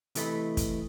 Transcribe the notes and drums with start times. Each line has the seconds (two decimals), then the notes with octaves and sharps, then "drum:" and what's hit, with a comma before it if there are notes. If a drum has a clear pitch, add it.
0.15 C3 E3 A3 D#5 B5, drum: hi-hat
0.57 drum: kick, hi-hat